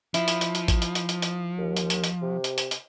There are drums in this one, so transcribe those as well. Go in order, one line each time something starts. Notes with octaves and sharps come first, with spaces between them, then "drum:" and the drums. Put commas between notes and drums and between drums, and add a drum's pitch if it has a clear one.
F3 E4, drum: hi-hat
drum: hi-hat
drum: hi-hat
drum: hi-hat
drum: kick A1, hi-hat
drum: hi-hat
drum: hi-hat
drum: hi-hat
drum: hi-hat
D#2
drum: hi-hat
drum: hi-hat
drum: hi-hat
C3
drum: hi-hat
drum: hi-hat
drum: hi-hat